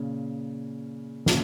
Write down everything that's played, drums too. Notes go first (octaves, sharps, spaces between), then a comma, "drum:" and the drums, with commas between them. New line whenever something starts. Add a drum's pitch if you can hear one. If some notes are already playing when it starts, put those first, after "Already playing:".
Already playing: A#2 C#3
A#2 C#3, drum: snare